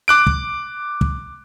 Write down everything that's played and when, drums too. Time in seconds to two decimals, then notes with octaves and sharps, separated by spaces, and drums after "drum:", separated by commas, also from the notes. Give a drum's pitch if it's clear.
0.08 D6 F#6 D7
0.27 drum: kick
1.01 drum: kick